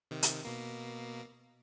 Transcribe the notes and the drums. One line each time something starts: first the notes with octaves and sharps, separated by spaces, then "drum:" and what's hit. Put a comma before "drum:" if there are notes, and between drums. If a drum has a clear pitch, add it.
C3 D#3
drum: hi-hat
B2 A#3